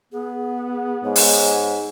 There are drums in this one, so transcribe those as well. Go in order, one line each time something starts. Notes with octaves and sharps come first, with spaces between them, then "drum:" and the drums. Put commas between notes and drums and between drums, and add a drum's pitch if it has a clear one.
B3 G#4
G#2 C#5
drum: open hi-hat